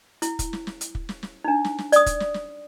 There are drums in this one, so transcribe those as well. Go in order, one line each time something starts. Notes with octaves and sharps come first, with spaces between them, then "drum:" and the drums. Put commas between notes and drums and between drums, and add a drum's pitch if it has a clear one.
E4, drum: hi-hat
drum: kick, hi-hat
drum: snare
drum: snare
drum: hi-hat
drum: kick
drum: snare
drum: snare
D4 D#4
drum: snare
drum: snare
D5 D#6, drum: hi-hat
drum: kick, hi-hat
drum: snare
drum: snare